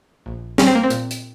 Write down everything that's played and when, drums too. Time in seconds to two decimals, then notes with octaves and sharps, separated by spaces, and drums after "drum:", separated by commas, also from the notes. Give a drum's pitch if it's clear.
0.26 A#1
0.58 G3 C#4, drum: snare
0.67 C4
0.75 A#3
0.83 C4
0.90 A#2, drum: hi-hat
1.11 drum: hi-hat